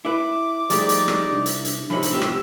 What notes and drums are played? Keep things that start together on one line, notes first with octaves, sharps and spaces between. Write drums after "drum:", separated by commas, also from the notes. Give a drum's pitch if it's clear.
E4 B4 D6
F3 G3 A3 D#4 G#4 D5, drum: hi-hat
drum: hi-hat
drum: rim click
C2 D4
drum: hi-hat
drum: hi-hat
A2 C3 F3 D#4 C#5 B5
drum: hi-hat
B3 F4 G4 E6
drum: rim click